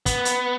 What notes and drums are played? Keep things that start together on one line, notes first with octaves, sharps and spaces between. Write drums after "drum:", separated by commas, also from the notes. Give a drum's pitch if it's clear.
B3, drum: kick, hi-hat
drum: hi-hat